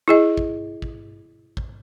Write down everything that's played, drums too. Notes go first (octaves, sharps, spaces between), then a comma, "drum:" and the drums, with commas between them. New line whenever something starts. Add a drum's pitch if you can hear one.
E4 G#4 D#5
drum: kick
drum: kick
drum: kick